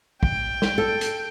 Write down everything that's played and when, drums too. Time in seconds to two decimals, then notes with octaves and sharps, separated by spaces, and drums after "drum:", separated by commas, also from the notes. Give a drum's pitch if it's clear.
0.23 G5, drum: kick
0.62 drum: snare
0.78 A4
1.01 drum: hi-hat